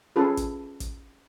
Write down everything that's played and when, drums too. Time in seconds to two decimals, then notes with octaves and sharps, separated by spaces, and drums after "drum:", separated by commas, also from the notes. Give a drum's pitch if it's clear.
0.16 C#4 F4 G#4 A4 B4
0.37 drum: kick, hi-hat
0.80 drum: kick, hi-hat